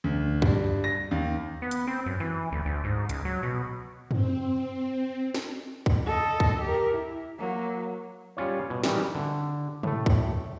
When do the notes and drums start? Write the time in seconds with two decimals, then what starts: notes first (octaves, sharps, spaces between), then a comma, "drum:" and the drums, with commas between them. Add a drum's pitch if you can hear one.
0.04 D2
0.42 G2, drum: kick
0.84 A#6
1.11 D#2
1.62 B3
1.71 drum: hi-hat
1.87 C4
2.06 F#2
2.20 E3
2.52 D2
2.66 D2
2.84 G#2
3.09 C#2, drum: hi-hat
3.25 F#3
3.43 B2
4.11 C4, drum: tom
5.35 drum: snare
5.86 drum: kick
6.06 A4 D#5
6.40 drum: kick
6.62 G4 A#4
6.92 E4
7.39 F#3 A#3
8.37 G3 C#4 F4 C#5
8.70 B2
8.84 D#3 E3 G3, drum: snare
9.15 D3
9.83 A2 A3, drum: tom
10.06 drum: kick